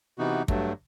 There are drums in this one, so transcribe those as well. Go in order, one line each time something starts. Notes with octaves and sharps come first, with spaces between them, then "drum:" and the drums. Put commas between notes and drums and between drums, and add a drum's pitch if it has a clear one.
C3 E3 B3 D#4 F#4
G2 F#3 A3, drum: kick